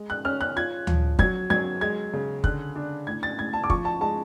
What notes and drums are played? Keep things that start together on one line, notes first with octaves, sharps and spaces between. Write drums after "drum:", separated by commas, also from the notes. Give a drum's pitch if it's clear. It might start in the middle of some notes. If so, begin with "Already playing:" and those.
Already playing: G#3
F#6
C#4 F6
F#6
F4 G#6
F3, drum: tom D2
F#3 G#6, drum: kick
F#3 G#6
G#3 G#6
C#3
D3 F#6, drum: kick
D4
A2 G#6
A6
A2 G#6
A5
D6
F3 C#6, drum: kick
A5
G#3 A5